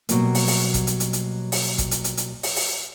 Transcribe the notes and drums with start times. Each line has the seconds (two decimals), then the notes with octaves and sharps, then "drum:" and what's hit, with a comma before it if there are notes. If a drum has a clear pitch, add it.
0.09 B2 F#3 G3 A#3, drum: hi-hat
0.35 drum: open hi-hat
0.48 drum: open hi-hat
0.74 drum: kick G#1, hi-hat
0.87 drum: hi-hat
1.00 drum: hi-hat
1.13 drum: hi-hat
1.52 drum: open hi-hat
1.78 drum: kick G#1, hi-hat
1.91 drum: hi-hat
2.04 drum: hi-hat
2.17 drum: hi-hat
2.43 drum: open hi-hat
2.56 drum: open hi-hat